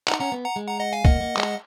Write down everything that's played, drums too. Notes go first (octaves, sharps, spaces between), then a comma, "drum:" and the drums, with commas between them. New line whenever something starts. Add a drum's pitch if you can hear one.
D#4 F#5 A#5, drum: clap
C#4 F#5 A#5
B3
F#5 A#5
G#3
F#5 A#5
D#5 F#5
F5 G#5
A#3 D#5 F#5, drum: kick
A#3
G#3, drum: clap